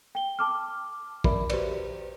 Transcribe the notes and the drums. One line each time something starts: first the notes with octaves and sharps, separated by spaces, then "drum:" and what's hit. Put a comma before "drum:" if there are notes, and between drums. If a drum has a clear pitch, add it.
G5 G7
A5 D6 F6
A#4 D5 E5 B5, drum: kick
F#4 G4 B4 C5 D5, drum: cymbal